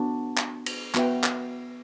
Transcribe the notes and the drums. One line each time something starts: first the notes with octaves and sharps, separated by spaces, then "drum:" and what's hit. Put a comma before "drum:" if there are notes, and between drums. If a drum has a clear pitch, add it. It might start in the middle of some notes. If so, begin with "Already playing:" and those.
Already playing: B3 D4 F#4
drum: clap
drum: cymbal
B3 F#4 B4 E5 G5, drum: clap
drum: clap